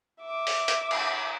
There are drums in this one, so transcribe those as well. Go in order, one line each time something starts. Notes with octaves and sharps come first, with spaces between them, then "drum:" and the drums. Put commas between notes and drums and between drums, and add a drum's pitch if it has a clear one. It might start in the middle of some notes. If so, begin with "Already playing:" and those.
E5 D6
drum: open hi-hat
drum: hi-hat
drum: cymbal